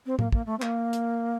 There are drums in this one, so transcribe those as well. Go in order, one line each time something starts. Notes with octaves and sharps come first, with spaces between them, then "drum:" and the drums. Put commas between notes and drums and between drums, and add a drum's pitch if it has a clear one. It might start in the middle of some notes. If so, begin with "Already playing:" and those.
C4
A#3, drum: tom A2
A#3, drum: kick
A3
C4
A#3, drum: clap
drum: hi-hat